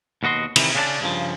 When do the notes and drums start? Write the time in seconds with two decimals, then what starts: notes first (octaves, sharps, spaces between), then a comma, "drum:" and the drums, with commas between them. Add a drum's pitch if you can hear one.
0.23 D#2 B2 F#4 D#5 C6
0.56 C3 D#3 E3 G3, drum: cymbal
0.75 C#3 C#4 D4 C#5 D5 A5
1.01 G2 C#3 F3